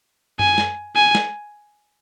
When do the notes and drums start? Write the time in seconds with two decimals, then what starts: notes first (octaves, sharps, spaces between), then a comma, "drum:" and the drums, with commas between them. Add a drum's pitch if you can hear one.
0.39 G#5, drum: tom F#2
0.58 drum: snare
0.96 G#5
1.15 drum: snare